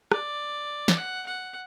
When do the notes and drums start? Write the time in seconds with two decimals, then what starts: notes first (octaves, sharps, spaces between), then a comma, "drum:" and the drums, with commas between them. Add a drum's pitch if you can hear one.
0.12 D5, drum: rim click
0.88 drum: snare
0.97 F#5
1.26 F#5